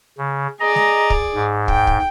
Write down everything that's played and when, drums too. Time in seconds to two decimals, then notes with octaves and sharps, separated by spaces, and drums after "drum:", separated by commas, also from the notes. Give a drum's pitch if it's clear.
0.18 C#3
0.60 G#4 D5 D#5 A#5
0.75 drum: snare G#3
1.10 drum: kick
1.34 G#2
1.68 G5, drum: kick
1.87 drum: kick